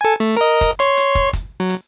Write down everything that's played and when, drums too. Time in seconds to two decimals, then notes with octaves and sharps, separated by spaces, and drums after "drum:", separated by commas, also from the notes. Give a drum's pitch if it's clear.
0.01 A4 G#5
0.20 A3
0.37 A#4 D#5
0.61 drum: kick, hi-hat
0.79 C#5 C6, drum: hi-hat
0.97 drum: hi-hat
1.15 drum: kick
1.33 drum: kick, hi-hat
1.60 F#3
1.69 drum: hi-hat